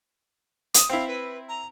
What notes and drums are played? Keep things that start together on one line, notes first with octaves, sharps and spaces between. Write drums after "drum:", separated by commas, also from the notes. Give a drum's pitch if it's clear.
D#6, drum: hi-hat
C4 E4 F5
B4
A#5